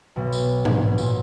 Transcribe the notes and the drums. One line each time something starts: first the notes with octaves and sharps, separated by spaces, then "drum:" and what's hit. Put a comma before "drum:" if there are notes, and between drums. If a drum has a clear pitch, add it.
B1 B2
drum: tambourine
drum: tom G#2
B2
A#2, drum: tambourine